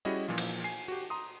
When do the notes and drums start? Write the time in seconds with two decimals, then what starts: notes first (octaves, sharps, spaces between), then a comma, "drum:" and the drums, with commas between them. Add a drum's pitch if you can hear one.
0.05 G3 C#4 E4 F#4 G#4 D#5
0.28 A#2 E3 F3 F4
0.38 drum: cymbal
0.64 G#5 C7
0.88 F#4 G4
1.10 A#5 C6 D#6